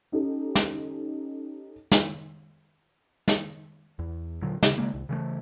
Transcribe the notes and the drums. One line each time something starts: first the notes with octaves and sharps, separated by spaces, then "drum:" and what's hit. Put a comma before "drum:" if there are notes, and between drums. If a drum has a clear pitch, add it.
C#4 D#4 G4 A4
drum: snare
drum: snare
drum: snare
E2
A#2 D3 F#3
C#3, drum: snare
C#3 G#3 A#3
C2
C#3 E3 G3 A3